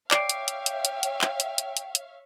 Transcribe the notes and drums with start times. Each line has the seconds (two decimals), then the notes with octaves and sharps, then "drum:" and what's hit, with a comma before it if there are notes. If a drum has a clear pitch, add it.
0.11 C#5 D5 E5 F5 G5 D6 C7 D7, drum: clap
0.29 drum: hi-hat
0.48 drum: hi-hat
0.66 drum: hi-hat
0.85 drum: hi-hat
1.03 drum: hi-hat
1.21 drum: clap
1.40 drum: hi-hat
1.58 drum: hi-hat
1.77 drum: hi-hat
1.95 drum: hi-hat